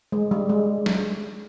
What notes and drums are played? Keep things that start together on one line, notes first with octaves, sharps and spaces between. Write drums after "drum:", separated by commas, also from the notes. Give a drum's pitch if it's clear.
G#3
G3
G#3
drum: snare